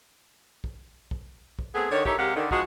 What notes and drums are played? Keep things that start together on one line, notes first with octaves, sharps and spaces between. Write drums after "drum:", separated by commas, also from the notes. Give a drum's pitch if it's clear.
drum: kick
drum: kick
drum: kick
A3 B3 C4 G#4
D3 D#3 C#5
D#4 E4 G4 A4 A#4 C#5, drum: kick
C3 G#3 G4 A#4 F5 F#5
D3 D#3
F3 G#3 D#4 F#4, drum: kick